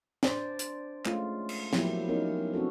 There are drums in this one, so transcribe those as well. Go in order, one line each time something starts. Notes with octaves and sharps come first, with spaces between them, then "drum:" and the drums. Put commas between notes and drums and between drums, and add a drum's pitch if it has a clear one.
D4 C5 D5, drum: snare
drum: hi-hat
G#3 A3 C#4 F4, drum: clap
drum: cymbal
F3 F#3 A#3 B3 E4 G4, drum: snare
B3 C#4 D#4 A#4
C4 D4 F#4 A4